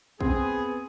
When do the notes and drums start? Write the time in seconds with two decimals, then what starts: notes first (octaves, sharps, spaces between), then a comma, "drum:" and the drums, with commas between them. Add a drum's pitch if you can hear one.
0.20 B3 C4 G#4, drum: kick